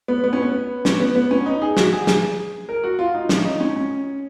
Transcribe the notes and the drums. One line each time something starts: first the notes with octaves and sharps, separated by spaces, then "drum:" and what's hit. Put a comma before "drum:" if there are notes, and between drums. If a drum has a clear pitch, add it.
B3
B3
C#4
B3
C#4, drum: snare
B3
B3
C#4
D#4
G#4
F#4, drum: snare
G#4
drum: snare
A#4
F#4
F4
D#4
C#4, drum: snare
D#4
C#4
C#4